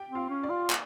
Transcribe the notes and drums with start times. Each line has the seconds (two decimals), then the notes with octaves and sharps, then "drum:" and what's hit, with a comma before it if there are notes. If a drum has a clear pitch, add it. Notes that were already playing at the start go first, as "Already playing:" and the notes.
Already playing: G4 G5
0.09 C4
0.15 F4 F5
0.29 C#4
0.43 D5
0.50 F4
0.70 drum: clap